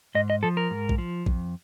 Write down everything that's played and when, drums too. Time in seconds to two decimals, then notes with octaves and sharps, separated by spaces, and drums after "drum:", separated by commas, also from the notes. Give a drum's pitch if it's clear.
0.15 G#2 D#5
0.30 D#5
0.43 F3 A4
0.57 A#4
0.71 G#2
0.89 drum: kick A#1
0.98 F3
1.26 F2, drum: kick A#1